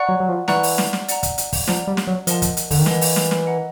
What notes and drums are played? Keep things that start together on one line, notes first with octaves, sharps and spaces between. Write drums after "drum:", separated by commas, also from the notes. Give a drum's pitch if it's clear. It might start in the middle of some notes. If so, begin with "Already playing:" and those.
Already playing: D5 F#5 A#5 C#6 F#6
F#3
F#3
F3
E3 D5 F#5 A#5 C#6 F#6, drum: snare
drum: open hi-hat
drum: snare
drum: snare
D5 F#5 A#5, drum: hi-hat
drum: kick, hi-hat
drum: hi-hat
drum: kick, open hi-hat
F3 D5 F#5 A#5, drum: snare
G3
drum: snare
F#3
F3 A#4 D#5 F#5 A5, drum: hi-hat
drum: kick, hi-hat
drum: hi-hat
D3, drum: kick, open hi-hat
D#3
E3 A#4 D#5 F#5 A5, drum: snare
drum: open hi-hat
drum: snare
drum: snare
D#5 F#5 A#5